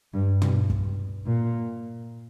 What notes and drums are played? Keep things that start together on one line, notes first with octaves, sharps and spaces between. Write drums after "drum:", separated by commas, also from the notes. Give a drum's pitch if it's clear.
G2
G2, drum: tom
drum: kick
A#2